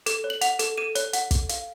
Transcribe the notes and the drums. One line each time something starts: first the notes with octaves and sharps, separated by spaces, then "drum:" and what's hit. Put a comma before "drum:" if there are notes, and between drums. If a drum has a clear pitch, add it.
A4, drum: hi-hat
C#5
F#7
F#5 F7, drum: hi-hat
A4, drum: hi-hat
A4 D#7
C#5, drum: hi-hat
F#5, drum: hi-hat
A4, drum: kick, hi-hat
F5, drum: hi-hat